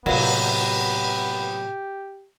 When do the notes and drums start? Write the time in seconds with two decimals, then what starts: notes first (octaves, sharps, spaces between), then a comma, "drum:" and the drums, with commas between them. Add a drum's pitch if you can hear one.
0.06 A2 C3 F#3 A#3 B3 G4, drum: cymbal